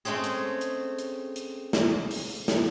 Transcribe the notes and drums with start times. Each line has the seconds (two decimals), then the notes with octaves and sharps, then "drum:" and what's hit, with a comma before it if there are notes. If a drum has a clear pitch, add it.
0.05 G#3 A3 C4 C#4 G#4
0.24 drum: hi-hat
0.61 drum: hi-hat
0.98 drum: hi-hat
1.36 drum: hi-hat
1.73 drum: snare
2.11 drum: open hi-hat
2.48 drum: snare